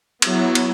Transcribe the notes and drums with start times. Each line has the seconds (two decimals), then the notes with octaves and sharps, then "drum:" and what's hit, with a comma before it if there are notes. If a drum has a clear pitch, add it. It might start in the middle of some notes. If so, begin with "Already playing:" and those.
0.22 F#3 B3 E4, drum: cymbal
0.55 drum: cymbal